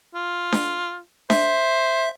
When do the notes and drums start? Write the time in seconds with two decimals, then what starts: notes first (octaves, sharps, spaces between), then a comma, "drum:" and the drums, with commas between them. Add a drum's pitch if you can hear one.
0.15 F4
0.52 drum: snare D4
1.30 C5 E5, drum: snare D4